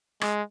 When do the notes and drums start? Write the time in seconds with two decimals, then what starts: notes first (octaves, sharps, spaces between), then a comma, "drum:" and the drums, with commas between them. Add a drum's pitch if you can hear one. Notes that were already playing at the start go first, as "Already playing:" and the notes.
0.21 G#3, drum: rim click